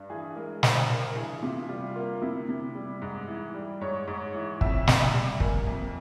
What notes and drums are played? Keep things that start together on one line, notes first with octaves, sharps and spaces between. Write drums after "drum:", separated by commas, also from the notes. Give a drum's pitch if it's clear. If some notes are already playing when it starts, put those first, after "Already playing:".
Already playing: G2
E3 G#4
G#3 A#4
G2 C5, drum: snare
G2 A#4
A#4
E3 G#4
C3 F4
G3 F4
A#3 F4
C3 E4
C3
G3
G#2
E3
G3
G#2 C#5
G#2
E3
F2 E5, drum: kick
C3, drum: snare
G3
A#3 G#5, drum: kick
F2